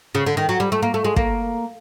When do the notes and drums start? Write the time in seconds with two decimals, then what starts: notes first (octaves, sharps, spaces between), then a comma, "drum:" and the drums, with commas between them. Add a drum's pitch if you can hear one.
0.15 C#3
0.26 D3
0.37 D#3
0.49 F#3
0.60 G3
0.72 A3
0.83 A#3
0.94 A3
1.05 G#3
1.16 A#3, drum: kick